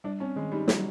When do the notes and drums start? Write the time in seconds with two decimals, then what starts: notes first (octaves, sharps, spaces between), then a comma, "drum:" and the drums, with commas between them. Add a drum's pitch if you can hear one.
0.04 G3 D4
0.20 C4 C#4
0.36 D#3 G#3
0.52 G3 D#4
0.68 F#3 G3, drum: snare